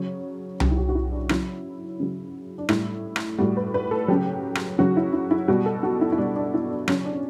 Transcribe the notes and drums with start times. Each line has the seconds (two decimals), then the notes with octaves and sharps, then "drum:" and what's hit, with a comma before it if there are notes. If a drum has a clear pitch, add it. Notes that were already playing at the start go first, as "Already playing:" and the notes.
Already playing: C#3 F#3 C#5
0.60 C#3 F#3 G4, drum: tom C2
0.71 E4
0.77 F#4
0.89 F#4
0.95 E4
1.12 D4
1.29 C#3 F#3 E4, drum: rim click
2.00 C#3 F#3
2.58 D4
2.69 A2 G3 E4, drum: rim click
3.16 drum: rim click
3.38 A2 G3 F#4
3.57 B4
3.74 B4
3.91 A4
4.08 C#3 F#3 G4
4.55 drum: rim click
4.78 C#3 F#3 F#4
4.97 E4
5.13 E4
5.31 E4
5.48 B2 G3 F#4
5.66 A4
5.83 F#4
6.01 E4
6.12 E4
6.18 B2 G3 D4
6.36 D4
6.54 E4
6.70 D4
6.88 C#3 F#3 C#4, drum: rim click
7.05 D4